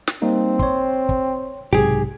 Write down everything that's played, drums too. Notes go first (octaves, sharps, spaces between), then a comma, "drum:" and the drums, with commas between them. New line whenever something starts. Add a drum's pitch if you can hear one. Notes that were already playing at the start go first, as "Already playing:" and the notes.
drum: snare
G3 A#3 C4 D#4
C#5 C6, drum: kick
drum: kick
B1 G#2 C3 G4 G#4, drum: kick